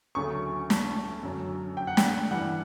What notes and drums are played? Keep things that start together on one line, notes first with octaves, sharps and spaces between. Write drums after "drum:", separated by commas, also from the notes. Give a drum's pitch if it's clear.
D2 C#3 F#3 A3 C#6
A5, drum: snare
F#2 D3 F#3
G5
F#5
G5, drum: snare
G2 E3 G3 F#5